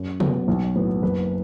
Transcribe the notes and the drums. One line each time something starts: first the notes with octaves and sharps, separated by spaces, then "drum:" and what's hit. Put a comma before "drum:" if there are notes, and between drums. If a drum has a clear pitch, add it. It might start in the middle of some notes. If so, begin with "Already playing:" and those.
Already playing: F#2
F#3 B3, drum: tom
B1
A2 F#3 B3
F#1 B4